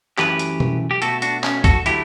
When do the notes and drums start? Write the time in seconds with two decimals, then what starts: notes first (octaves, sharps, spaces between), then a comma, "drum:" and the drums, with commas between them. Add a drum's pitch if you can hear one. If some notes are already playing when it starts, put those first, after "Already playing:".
0.18 F#2 E3 A3 G4 B4, drum: clap
0.39 drum: hi-hat
0.60 drum: tom B2
0.91 G4
1.02 B2 A3 F#4 A4, drum: hi-hat
1.22 D4 F#4, drum: hi-hat
1.44 C#4, drum: clap
1.64 F#4 A4, drum: kick B1, hi-hat
1.86 D3 F#3 A3 E4 G4, drum: hi-hat